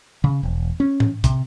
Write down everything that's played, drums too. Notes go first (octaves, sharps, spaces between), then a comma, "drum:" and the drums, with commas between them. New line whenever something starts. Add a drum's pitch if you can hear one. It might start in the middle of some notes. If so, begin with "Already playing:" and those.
C#3
E1
C#4
drum: tom G#2
C3, drum: kick, hi-hat